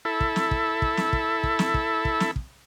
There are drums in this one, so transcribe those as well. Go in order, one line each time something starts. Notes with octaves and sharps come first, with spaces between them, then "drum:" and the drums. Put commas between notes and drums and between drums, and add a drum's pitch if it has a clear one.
E4 A4
drum: kick
drum: snare
drum: kick
drum: kick
drum: snare
drum: kick
drum: kick
drum: snare
drum: kick
drum: kick
drum: snare
drum: kick